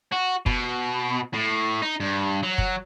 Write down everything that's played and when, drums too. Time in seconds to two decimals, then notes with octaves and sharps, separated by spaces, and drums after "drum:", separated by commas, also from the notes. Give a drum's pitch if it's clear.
0.12 F#4
0.46 B2, drum: kick
1.33 A2
1.82 D#4
2.00 G2
2.43 F#3
2.58 drum: kick